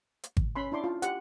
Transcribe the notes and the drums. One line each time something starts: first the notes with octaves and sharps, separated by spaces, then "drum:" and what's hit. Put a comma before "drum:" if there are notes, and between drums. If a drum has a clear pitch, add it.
drum: hi-hat
drum: kick G#1
C#4 B5 C6
D4 E4 C6 D6
F4
G4 F#5, drum: hi-hat